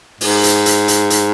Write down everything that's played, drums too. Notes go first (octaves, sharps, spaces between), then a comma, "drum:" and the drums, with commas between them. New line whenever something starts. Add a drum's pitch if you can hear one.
G#2, drum: open hi-hat
drum: hi-hat
drum: hi-hat
drum: hi-hat
drum: hi-hat